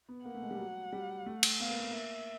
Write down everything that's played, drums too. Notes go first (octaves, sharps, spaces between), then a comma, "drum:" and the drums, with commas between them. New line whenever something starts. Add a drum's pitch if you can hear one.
B3
A#3 F#5
A3
G#3
G3
F#3
G3
A3
drum: cymbal
B3 F5
A#3
A3
A#3 E5